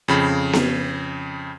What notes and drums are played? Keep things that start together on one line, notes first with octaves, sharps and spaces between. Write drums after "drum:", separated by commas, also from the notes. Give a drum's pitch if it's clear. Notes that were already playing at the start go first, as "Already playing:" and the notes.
F2 C#3 B5
drum: snare B3